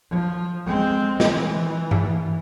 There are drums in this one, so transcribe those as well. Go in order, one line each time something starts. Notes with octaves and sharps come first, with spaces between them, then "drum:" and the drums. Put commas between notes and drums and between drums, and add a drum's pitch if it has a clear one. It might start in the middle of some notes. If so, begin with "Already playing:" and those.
F3
G#3 C4
drum: snare
E3
drum: tom G2